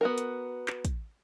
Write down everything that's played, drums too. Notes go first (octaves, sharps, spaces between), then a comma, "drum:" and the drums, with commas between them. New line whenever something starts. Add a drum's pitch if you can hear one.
B3 F#4 A#4
drum: hi-hat
drum: clap
drum: kick, hi-hat